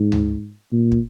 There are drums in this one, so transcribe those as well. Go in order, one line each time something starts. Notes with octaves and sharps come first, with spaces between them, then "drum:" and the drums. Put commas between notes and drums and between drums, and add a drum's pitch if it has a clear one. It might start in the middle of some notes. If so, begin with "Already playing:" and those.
Already playing: G#2
drum: tom D2
A#2
drum: kick